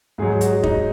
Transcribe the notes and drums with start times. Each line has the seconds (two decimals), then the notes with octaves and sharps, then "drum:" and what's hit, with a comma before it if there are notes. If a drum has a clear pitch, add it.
0.18 G#2 F#3 G#4
0.41 F#4, drum: hi-hat
0.63 D#4, drum: kick F1